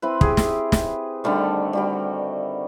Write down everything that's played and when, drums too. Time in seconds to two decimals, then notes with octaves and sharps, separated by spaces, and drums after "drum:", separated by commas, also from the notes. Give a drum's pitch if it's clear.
0.02 C4 E4 B4
0.21 G4 G#4, drum: kick
0.37 drum: snare
0.72 drum: snare
1.24 D3 D#3 G3 A3
1.73 G3 F#4 G5